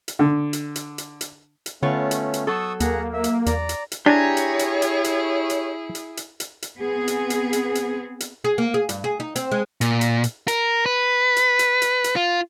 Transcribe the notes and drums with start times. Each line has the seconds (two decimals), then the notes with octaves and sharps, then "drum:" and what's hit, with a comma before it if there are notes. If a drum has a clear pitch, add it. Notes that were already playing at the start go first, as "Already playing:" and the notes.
0.08 drum: hi-hat
0.19 D3
0.53 drum: hi-hat
0.76 drum: hi-hat
0.98 drum: hi-hat
1.21 drum: hi-hat
1.66 drum: hi-hat
1.82 D3 A3 B3 C#4 F4 C#5
2.11 drum: hi-hat
2.34 drum: hi-hat
2.47 F#3 A4 C#6 D#6 E6
2.80 D#2 A#3 G#4 F#5 A#5, drum: hi-hat
3.13 E5
3.24 drum: hi-hat
3.46 E2 D5 A#5, drum: hi-hat
3.69 drum: hi-hat
3.92 drum: hi-hat
4.06 D4 E4 G4 G#4 C#5 G#5 A#5
4.37 drum: hi-hat
4.59 drum: hi-hat
4.82 drum: hi-hat
5.04 drum: hi-hat
5.50 drum: hi-hat
5.95 drum: hi-hat
6.17 drum: hi-hat
6.40 drum: hi-hat
6.62 drum: hi-hat
6.80 B3 C4 G#4
7.08 drum: hi-hat
7.30 drum: hi-hat
7.53 drum: hi-hat
7.75 drum: hi-hat
8.20 drum: hi-hat
8.44 G#4
8.58 A#3
8.74 G#4
8.89 G2, drum: hi-hat
9.04 G#4
9.20 D#4
9.36 C4, drum: hi-hat
9.51 G#3
9.81 A#2, drum: hi-hat
10.01 drum: hi-hat
10.24 drum: hi-hat
10.48 A#4, drum: hi-hat
10.86 B4
11.36 drum: hi-hat
11.59 drum: hi-hat
11.82 drum: hi-hat
12.04 drum: hi-hat
12.16 F4